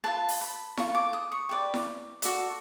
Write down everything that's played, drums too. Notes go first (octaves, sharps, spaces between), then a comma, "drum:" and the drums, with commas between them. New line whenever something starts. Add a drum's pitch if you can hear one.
F4 G#4 B4 A5
drum: open hi-hat
B5
F4 A4 C#6, drum: snare E4
D6
D#6
C#6
G4 B4 D5
drum: snare E4
F#4 A4 D5, drum: hi-hat